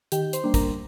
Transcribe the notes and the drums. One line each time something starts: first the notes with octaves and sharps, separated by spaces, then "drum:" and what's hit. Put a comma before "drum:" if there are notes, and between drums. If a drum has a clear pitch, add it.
D#3 G4 G5, drum: hi-hat
C5 C6, drum: hi-hat
G3 A#3 D4
A#4 A#5, drum: kick, hi-hat